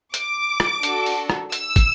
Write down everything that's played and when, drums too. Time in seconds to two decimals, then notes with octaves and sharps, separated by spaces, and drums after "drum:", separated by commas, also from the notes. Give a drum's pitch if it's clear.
0.14 D6, drum: hi-hat
0.60 drum: rim click
0.83 D4 F#4 A4, drum: hi-hat
1.06 drum: open hi-hat
1.30 drum: rim click
1.52 E6, drum: hi-hat
1.76 drum: kick, hi-hat